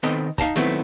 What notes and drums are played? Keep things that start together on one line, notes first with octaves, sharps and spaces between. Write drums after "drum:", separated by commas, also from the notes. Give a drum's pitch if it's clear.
D#3 B3 C4 A4 D#5
D#4 F5 A5 A#5, drum: kick, hi-hat
D#3 F#3 A3 B3 C4 E4, drum: snare